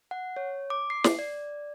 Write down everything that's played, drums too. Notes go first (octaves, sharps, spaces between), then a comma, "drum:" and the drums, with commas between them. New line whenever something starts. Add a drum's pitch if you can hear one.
F#5
C#5
D6
C7
drum: snare
D5